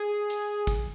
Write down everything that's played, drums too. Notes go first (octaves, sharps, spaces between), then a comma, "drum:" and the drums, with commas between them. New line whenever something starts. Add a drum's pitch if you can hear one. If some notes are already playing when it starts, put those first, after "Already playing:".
Already playing: G#4
drum: hi-hat
drum: kick, hi-hat